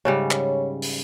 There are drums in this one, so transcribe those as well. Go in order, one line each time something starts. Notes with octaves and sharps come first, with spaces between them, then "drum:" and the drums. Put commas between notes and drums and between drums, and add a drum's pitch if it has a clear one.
G#2 C#3 G3 C#5
drum: clap
drum: open hi-hat